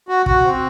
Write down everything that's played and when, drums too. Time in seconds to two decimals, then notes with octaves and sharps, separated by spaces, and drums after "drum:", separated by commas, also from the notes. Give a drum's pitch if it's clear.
0.09 F#4
0.26 F#4, drum: kick
0.44 C4